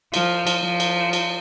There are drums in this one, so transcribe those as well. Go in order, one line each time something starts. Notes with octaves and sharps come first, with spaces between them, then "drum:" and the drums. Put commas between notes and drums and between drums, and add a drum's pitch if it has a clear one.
F3, drum: cymbal
drum: cymbal
F3
drum: cymbal
drum: cymbal